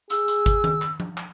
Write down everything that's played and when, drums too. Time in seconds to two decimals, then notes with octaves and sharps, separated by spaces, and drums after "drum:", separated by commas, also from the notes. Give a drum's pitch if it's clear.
0.10 G#4 E6, drum: hi-hat
0.28 drum: hi-hat
0.46 drum: kick G1, hi-hat
0.64 drum: tom D#3
0.82 drum: clap
1.00 drum: tom F3
1.18 drum: clap